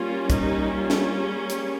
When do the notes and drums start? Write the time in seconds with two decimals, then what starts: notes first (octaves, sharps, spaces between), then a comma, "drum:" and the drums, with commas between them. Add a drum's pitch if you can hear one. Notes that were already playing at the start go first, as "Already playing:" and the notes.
Already playing: G3 A#3 C#4 F4
0.30 D#4, drum: kick, hi-hat
0.75 F4
0.90 drum: snare
1.20 G#4
1.50 drum: hi-hat